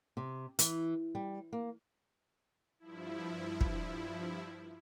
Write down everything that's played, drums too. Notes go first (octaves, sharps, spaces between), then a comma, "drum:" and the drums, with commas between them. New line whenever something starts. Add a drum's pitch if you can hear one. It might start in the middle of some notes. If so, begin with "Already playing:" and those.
C3
E3, drum: hi-hat
G3
A#3
G2 F3 E4
drum: kick